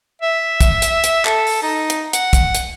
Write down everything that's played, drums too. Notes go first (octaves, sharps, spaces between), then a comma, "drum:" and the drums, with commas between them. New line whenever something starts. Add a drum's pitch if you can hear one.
E5
drum: kick, hi-hat
drum: hi-hat
drum: hi-hat
A4, drum: clap
drum: open hi-hat
D#4
drum: hi-hat
F#5, drum: hi-hat
drum: kick, hi-hat
drum: hi-hat